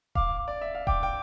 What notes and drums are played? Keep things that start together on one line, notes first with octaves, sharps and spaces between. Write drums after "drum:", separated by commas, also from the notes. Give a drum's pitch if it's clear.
F5 D6, drum: kick D#1
D5
E5
F5
G5 D6, drum: kick D#1
G5